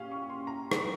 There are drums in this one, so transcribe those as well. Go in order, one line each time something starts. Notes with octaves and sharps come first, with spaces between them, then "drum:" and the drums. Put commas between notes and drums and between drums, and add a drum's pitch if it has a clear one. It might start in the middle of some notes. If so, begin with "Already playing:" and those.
Already playing: A#2 C#4 G4 F5
C#6
C6
A#5
drum: rim click